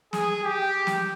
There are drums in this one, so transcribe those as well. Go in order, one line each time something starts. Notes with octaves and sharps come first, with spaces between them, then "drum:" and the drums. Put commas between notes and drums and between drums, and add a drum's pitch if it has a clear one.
G#4, drum: snare
G4
drum: snare